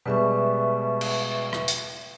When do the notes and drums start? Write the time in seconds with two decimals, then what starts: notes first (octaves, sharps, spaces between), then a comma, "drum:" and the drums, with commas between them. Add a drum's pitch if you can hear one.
0.06 B2 G3 G#3 B4 E5 C#6
1.01 drum: cymbal
1.53 drum: rim click
1.68 drum: hi-hat